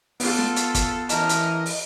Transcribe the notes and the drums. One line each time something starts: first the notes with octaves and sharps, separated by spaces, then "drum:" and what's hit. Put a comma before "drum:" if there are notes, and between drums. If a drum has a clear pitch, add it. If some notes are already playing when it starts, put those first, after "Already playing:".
B3 F4 A4, drum: open hi-hat
drum: snare
drum: hi-hat
drum: kick, hi-hat
E3 A#4 D#5 A5, drum: hi-hat
drum: hi-hat
drum: open hi-hat